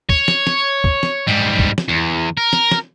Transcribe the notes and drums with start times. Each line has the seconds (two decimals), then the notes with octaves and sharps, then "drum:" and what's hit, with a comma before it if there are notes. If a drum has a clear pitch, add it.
0.09 C#5, drum: kick
0.28 drum: snare
0.47 drum: snare
0.84 drum: kick
1.03 drum: snare
1.27 G#2 G3
1.59 drum: kick
1.78 drum: snare
1.88 E2
2.37 A#4
2.53 drum: snare
2.71 drum: snare